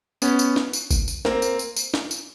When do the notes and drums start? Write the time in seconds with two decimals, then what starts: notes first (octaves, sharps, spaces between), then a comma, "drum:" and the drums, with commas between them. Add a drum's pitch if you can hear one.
0.22 B3 C#4, drum: tambourine
0.39 drum: tambourine
0.56 drum: snare
0.73 drum: tambourine
0.91 drum: kick G#1, tambourine
1.08 drum: tambourine
1.25 A#3 C4, drum: snare
1.42 drum: tambourine
1.59 drum: tambourine
1.76 drum: tambourine
1.94 drum: snare
2.11 drum: tambourine